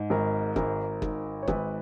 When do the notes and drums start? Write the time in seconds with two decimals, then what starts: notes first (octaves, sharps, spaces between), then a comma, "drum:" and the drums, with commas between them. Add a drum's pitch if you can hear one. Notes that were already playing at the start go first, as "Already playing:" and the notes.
Already playing: G#2
0.10 G#1 A#4
0.56 G#1 A#4, drum: kick F#1
1.02 G#2, drum: kick F#1
1.43 C#5
1.48 G#1 B4, drum: kick F#1